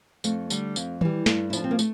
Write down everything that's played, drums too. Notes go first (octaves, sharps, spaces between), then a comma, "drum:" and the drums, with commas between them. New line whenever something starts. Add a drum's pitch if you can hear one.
F2 A3, drum: tambourine
D3 G3, drum: tambourine
F2, drum: tambourine
E3 G3, drum: tom D#3
G2 A3, drum: snare
E4
F3 D4, drum: tambourine
C4
A#3
A3, drum: tambourine